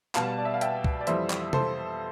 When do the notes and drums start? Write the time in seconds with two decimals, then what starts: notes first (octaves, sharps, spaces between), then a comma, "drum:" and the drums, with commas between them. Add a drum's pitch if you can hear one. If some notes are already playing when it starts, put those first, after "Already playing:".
0.15 B2 G3 F5 A5, drum: clap
0.38 D5
0.45 E5
0.54 F5
0.61 E5 G5, drum: hi-hat
0.84 drum: kick C2
1.01 D5
1.07 F2 E3 G3 C5 E5, drum: hi-hat
1.30 drum: clap
1.53 A4 C5, drum: tom C3